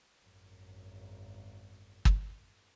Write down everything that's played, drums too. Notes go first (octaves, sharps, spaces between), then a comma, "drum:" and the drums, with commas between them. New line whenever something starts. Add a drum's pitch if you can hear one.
G#1 F#2
drum: kick